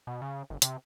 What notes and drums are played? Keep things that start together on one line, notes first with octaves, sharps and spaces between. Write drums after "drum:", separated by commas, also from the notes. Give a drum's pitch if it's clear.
B2
C#3
G1
C3, drum: hi-hat